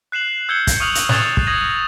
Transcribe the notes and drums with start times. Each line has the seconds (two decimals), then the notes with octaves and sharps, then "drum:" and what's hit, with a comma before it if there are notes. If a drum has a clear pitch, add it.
0.12 F#6 C7 E7 F#7
0.49 E6 G6 G#6 C7 C#7 G7
0.67 drum: kick, hi-hat
0.80 C#6 D#6 F6 F7 F#7
0.95 drum: hi-hat
1.09 F#6 G#6 A6 E7 F7 G7, drum: snare
1.37 drum: kick
1.46 D#6 F#6 G#6 A#6 D#7 F#7